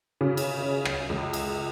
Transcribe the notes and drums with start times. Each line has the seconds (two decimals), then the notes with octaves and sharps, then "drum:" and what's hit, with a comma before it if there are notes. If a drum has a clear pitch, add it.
0.21 C#3
0.37 drum: cymbal
0.85 drum: rim click
1.09 C#2
1.33 drum: cymbal